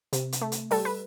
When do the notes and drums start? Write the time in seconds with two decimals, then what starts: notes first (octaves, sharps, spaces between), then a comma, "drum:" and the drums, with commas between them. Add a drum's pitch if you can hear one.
0.13 C3, drum: hi-hat
0.32 drum: hi-hat
0.41 A3
0.52 drum: hi-hat
0.71 G3 A4, drum: open hi-hat
0.85 B4